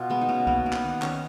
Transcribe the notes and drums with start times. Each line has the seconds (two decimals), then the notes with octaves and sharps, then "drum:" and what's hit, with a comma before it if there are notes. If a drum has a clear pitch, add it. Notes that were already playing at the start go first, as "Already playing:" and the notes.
Already playing: B2 F4
0.10 G#3 B3
0.21 D#4
0.29 B2 C#4
0.47 A#3 B3, drum: kick C2
0.66 A#3
0.73 B3, drum: clap
0.84 D#3
1.02 D#3 C#4, drum: clap